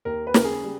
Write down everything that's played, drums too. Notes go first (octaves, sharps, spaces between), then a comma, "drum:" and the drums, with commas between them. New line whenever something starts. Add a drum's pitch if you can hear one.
D#2 A#4
B4
C#3 A#4, drum: snare
G#4
G3